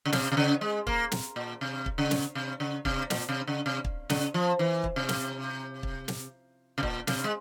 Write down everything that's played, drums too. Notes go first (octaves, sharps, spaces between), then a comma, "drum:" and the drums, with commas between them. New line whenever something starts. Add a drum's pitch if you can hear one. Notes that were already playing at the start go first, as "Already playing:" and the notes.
C#3
C3, drum: snare
C3
C#3
G#3
A#3, drum: kick
drum: snare
A#2
C3
drum: kick
C#3
drum: snare
C3
C#3
C3, drum: kick
A#2, drum: snare
C3
C#3
C3
drum: kick
C#3, drum: snare
F3
E3
drum: kick
C3
drum: snare
drum: kick
drum: snare
C3
A#2, drum: kick
C3, drum: snare
G#3